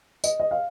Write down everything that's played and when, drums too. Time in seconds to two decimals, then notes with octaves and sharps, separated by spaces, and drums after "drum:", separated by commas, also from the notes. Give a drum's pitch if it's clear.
0.24 D#5, drum: tambourine
0.40 D#5
0.51 F5